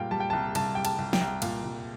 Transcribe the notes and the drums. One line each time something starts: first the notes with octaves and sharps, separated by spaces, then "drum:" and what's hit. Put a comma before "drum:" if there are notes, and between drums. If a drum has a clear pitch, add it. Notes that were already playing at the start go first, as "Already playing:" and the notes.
Already playing: A#2 G3 F5 G5
G3 A5
G5
C2 A5
C2 A5, drum: cymbal
G3 G5
A5, drum: cymbal
C2
G5, drum: snare
C2
A#2 F5, drum: cymbal
C2